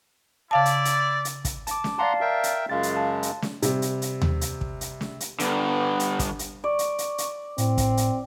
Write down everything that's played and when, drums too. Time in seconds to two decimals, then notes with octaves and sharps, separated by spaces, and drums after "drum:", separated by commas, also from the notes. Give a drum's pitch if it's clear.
0.51 C#3 E4 D5 F5 A5
0.65 drum: hi-hat
0.85 drum: hi-hat
1.25 drum: hi-hat
1.45 drum: kick, hi-hat
1.67 A5 D6, drum: hi-hat
1.84 drum: snare
1.99 D5 F5 F#5 A5 A#5 C6
2.21 A#4 E5 G5
2.44 drum: hi-hat
2.70 F#2 C#3 G#3 F4 F5 A6
2.83 drum: hi-hat
2.97 A5
3.23 drum: hi-hat
3.42 drum: snare
3.62 C3 G3, drum: hi-hat
3.82 drum: hi-hat
4.02 drum: hi-hat
4.22 drum: tom D#2
4.41 drum: hi-hat
4.61 drum: kick
4.81 drum: hi-hat
5.01 drum: snare
5.20 drum: hi-hat
5.40 G2 D3 B3, drum: hi-hat
6.00 drum: hi-hat
6.19 drum: kick, hi-hat
6.39 drum: hi-hat
6.64 D5 C#6
6.79 drum: hi-hat
6.98 drum: hi-hat
7.18 drum: hi-hat
7.58 A2 C4, drum: hi-hat
7.78 drum: kick, hi-hat
7.97 drum: hi-hat